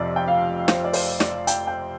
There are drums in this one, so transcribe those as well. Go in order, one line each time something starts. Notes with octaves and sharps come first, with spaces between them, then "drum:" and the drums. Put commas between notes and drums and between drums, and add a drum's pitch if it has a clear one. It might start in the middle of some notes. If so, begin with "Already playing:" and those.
Already playing: F1 F2 C3 F3 D5
G5
F5
C5, drum: snare
D5
C5, drum: open hi-hat
D5, drum: snare
G5, drum: hi-hat
G5